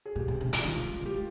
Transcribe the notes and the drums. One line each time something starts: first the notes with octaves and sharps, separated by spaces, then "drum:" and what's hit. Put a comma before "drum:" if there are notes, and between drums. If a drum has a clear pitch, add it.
G#4
A#2 G4
C3
C3
C#3, drum: hi-hat
D#3 F4
F3
G#3
A#3
G4
G#3 F4